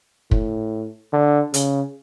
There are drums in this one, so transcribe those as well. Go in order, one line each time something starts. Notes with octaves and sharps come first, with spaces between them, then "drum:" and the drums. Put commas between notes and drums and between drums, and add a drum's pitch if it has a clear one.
A2, drum: kick
D3
C#3, drum: hi-hat